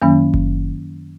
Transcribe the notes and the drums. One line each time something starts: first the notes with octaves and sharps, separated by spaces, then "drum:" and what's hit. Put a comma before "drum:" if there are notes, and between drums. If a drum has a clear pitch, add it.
F#2 D#3 F#3 A#3 C#4
drum: kick F#1